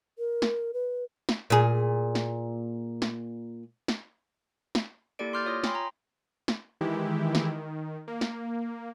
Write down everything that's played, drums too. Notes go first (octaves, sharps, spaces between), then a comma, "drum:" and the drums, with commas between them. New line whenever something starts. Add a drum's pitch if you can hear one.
A#4
drum: snare
B4
drum: snare
A#2 G#4
drum: snare
drum: snare
drum: snare
drum: snare
A#3 E4 G4 A4 D5 D7
C6 D6 F6 G6 A6
F4 C#5 D#6 A#6
G5 G#5 B5 C6, drum: snare
A#5
drum: snare
D#3 E3 G#3 E4 G4
drum: snare
D#3
A#3
drum: snare